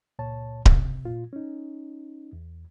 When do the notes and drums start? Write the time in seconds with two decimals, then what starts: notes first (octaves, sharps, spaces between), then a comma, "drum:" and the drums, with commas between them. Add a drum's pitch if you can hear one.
0.19 C#2 A#2 C#5 A5
0.66 C3, drum: kick D1
1.05 A#2 F4
1.33 C#4 D#4
2.33 E2